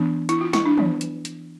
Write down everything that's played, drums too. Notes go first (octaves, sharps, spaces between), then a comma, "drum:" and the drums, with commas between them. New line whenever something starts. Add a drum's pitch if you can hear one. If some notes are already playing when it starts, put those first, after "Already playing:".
Already playing: E3 B3 D4
E4, drum: hi-hat
F4
E4, drum: snare
D4
E3 B3 D4, drum: tom
drum: hi-hat
drum: hi-hat